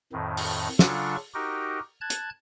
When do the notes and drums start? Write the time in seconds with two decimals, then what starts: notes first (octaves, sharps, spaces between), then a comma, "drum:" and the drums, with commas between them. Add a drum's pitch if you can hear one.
0.13 F2 A2 D#3
0.37 drum: open hi-hat
0.79 C#3 F#3 D4 F4 A4 C#6, drum: snare
1.34 D#4 F#4 G4 A#4
2.01 A5 F#6 G#6
2.10 drum: hi-hat